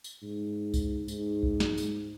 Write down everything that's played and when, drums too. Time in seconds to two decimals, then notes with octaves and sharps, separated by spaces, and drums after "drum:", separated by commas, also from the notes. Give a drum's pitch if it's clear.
0.04 drum: tambourine
0.23 G#2
0.74 drum: kick C2, tambourine
1.08 G#2, drum: tambourine
1.43 drum: kick C2
1.60 drum: snare
1.78 drum: tambourine